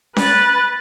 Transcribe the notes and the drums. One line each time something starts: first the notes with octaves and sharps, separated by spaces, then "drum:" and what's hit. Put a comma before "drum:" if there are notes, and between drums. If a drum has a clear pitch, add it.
B4 F#6 A6, drum: snare C#4